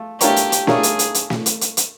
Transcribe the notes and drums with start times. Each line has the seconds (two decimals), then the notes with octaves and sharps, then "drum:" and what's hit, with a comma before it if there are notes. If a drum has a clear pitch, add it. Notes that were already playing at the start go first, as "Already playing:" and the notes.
Already playing: A3 F4
0.21 A3 D4 F4 G4 A#4 C#5, drum: hi-hat
0.36 drum: hi-hat
0.52 drum: hi-hat
0.67 A3 D4 F4 G#4 A#4 C#5, drum: snare
0.83 drum: hi-hat
0.99 drum: hi-hat
1.14 drum: hi-hat
1.30 drum: snare
1.46 drum: hi-hat
1.61 drum: hi-hat
1.77 drum: hi-hat